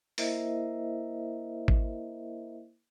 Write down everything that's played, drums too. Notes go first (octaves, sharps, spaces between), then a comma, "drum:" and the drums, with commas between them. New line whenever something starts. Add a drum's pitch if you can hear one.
A#3 E4 A#4 C5 D#5 E5, drum: open hi-hat
drum: kick G#1